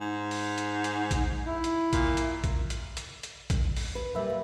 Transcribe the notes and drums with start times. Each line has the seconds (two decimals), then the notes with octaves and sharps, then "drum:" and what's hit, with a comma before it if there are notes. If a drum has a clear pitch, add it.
0.01 G#2
0.31 drum: open hi-hat
0.58 drum: hi-hat
0.84 drum: hi-hat
1.11 drum: kick A#1, hi-hat
1.46 E4
1.64 drum: hi-hat
1.93 A#2, drum: kick A#1, hi-hat
2.17 drum: hi-hat
2.44 drum: kick A#1, hi-hat
2.70 drum: hi-hat
2.97 drum: hi-hat
3.23 drum: hi-hat
3.50 drum: kick A#1, hi-hat
3.76 drum: open hi-hat
3.95 B4
4.15 A#2 G3 B4 E5
4.30 A#2